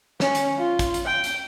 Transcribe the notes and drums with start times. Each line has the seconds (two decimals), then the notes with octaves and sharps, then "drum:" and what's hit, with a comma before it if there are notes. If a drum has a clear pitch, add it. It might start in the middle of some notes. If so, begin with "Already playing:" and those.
0.20 C#4, drum: snare
0.35 drum: hi-hat
0.58 F4
0.79 drum: kick, hi-hat
0.94 drum: hi-hat
1.05 G5
1.24 drum: hi-hat